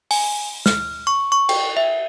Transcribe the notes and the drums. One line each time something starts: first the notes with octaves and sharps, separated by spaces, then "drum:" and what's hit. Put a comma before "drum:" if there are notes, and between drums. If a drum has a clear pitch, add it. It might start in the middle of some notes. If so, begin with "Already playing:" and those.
G#5, drum: open hi-hat
F6, drum: snare
C#6
C#6
G5, drum: cymbal
E5